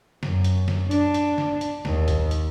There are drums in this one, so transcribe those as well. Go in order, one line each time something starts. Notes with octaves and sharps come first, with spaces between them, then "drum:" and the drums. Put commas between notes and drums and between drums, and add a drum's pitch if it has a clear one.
F#2, drum: snare
drum: hi-hat
drum: snare
D4, drum: hi-hat
drum: hi-hat
drum: snare
drum: hi-hat
D#2, drum: snare
drum: kick B1, hi-hat
drum: hi-hat